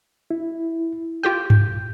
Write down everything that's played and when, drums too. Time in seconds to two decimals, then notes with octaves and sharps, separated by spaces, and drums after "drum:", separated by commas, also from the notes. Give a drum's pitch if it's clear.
0.31 E4
1.23 F4 G4 G5 G6
1.50 drum: tom G2